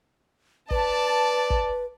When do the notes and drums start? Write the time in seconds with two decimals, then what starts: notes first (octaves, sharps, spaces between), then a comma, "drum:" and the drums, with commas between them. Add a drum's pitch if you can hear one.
0.71 B4 D5 A5, drum: kick
1.50 drum: kick